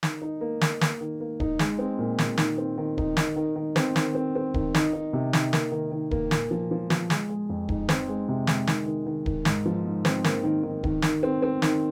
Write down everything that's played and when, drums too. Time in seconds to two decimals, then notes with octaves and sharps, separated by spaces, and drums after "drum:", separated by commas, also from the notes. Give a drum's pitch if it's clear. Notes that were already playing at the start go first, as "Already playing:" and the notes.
0.03 D#3, drum: snare
0.22 D#4
0.41 A#3
0.61 A#3, drum: snare
0.81 A#3, drum: snare
1.01 D#3
1.20 A#3
1.40 D#4, drum: kick D1
1.59 G#3, drum: snare
1.79 C4
1.98 A#2
2.19 A#2, drum: snare
2.38 D#3, drum: snare
2.58 C4
2.78 D#3
2.98 D#4, drum: kick D1
3.17 D#3, drum: snare
3.36 D#3
3.56 D#3
3.76 C4, drum: snare
3.96 D#3, drum: snare
4.15 C4
4.35 C4
4.54 D#3, drum: kick D1
4.75 D#4, drum: snare
4.93 D#4
5.13 C3
5.33 D#4, drum: snare
5.53 A#3, drum: snare
5.72 D#3
5.92 D#3
6.11 A#3, drum: kick D1
6.31 A#2, drum: snare
6.51 F3
6.71 F3
6.90 F3, drum: snare
7.10 G#3, drum: snare
7.29 G#3
7.49 F2
7.69 D#4, drum: kick D1
7.89 C4, drum: snare
8.08 G#3
8.28 C3
8.47 G#3, drum: snare
8.67 D#3, drum: snare
8.86 D#3
9.06 D#3
9.26 D#3, drum: kick D1
9.45 G#2, drum: snare
9.66 F3
9.85 G#2
10.05 C4, drum: snare
10.24 A#3, drum: snare
10.44 D#3
10.63 D#3
10.84 D#3, drum: kick D1
11.02 D#3, drum: snare
11.23 C4
11.42 C4
11.62 D#3, drum: snare